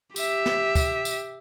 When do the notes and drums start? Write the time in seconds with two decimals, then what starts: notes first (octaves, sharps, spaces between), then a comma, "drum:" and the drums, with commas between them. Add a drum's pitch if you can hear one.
0.16 G4 E5, drum: tambourine
0.46 drum: snare
0.75 drum: kick, tambourine
1.05 drum: tambourine